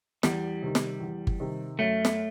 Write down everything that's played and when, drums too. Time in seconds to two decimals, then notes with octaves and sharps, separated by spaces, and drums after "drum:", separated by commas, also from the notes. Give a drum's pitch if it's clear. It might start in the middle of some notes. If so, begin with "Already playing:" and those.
0.23 E2 G3, drum: snare
0.63 C3 D#3
0.75 drum: snare
1.00 E2
1.27 drum: kick G1
1.40 C3 D#3
1.79 F#2 A3
2.05 drum: snare